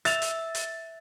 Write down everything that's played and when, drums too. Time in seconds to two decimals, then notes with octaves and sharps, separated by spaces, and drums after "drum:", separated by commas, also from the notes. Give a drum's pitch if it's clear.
0.05 E5 A6 F7, drum: hi-hat
0.22 drum: hi-hat
0.55 drum: hi-hat